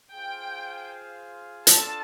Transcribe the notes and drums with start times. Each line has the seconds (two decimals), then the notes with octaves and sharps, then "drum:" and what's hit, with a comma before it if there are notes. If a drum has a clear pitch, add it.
0.12 F4 G#4 C5 F5 G5
1.67 D4 F4 A4 A5, drum: hi-hat